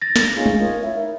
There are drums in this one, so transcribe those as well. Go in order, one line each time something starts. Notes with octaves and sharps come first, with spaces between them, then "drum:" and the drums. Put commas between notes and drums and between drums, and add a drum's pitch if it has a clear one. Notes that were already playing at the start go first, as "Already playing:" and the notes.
A6 A#6
drum: snare
C#4 D#4 F4 G#4
drum: tom
F4 A#4 C#5 D#5
E4 C#5 E5
D#4